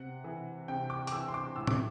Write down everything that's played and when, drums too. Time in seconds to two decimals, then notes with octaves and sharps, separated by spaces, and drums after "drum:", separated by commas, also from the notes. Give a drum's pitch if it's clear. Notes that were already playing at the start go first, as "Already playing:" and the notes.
Already playing: C3 F#5
0.24 E3
0.68 C3 G5
0.90 D6
1.07 D6, drum: hi-hat
1.12 E3 E6
1.28 C6
1.34 D6
1.56 A2 E6
1.67 D6, drum: tom